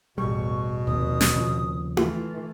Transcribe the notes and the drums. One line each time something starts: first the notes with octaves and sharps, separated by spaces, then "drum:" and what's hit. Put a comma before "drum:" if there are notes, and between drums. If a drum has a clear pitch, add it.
A1 E2 B2 G3 C#6
F1 D#2 D#6
drum: snare
D#2 C#3 F3
E3 A3 F4, drum: tom E4